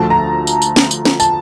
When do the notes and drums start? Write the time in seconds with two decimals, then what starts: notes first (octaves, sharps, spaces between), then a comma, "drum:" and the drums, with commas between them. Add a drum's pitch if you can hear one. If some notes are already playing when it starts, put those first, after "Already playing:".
Already playing: D2 D3 F3 A3 A5
0.10 A#5
0.47 drum: tambourine
0.62 drum: tambourine
0.76 drum: snare
0.91 drum: tambourine
1.05 drum: snare
1.20 A5, drum: tambourine